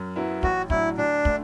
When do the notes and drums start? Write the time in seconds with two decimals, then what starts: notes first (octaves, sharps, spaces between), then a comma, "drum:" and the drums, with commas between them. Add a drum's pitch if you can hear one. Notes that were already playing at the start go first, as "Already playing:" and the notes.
Already playing: F#2
0.16 F#3 B3 E4
0.43 A1 F#4, drum: kick
0.70 A2 F#3 D4 E4, drum: kick
0.98 D2 D4
1.25 D3 A3, drum: kick